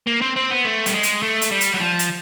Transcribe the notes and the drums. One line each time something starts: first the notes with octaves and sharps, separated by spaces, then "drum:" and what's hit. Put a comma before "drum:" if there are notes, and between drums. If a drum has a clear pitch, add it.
A#3
C4
C4
B3
A3
G3, drum: hi-hat
G#3
drum: hi-hat
A3
drum: hi-hat
G3
drum: hi-hat
F#3
F3
drum: hi-hat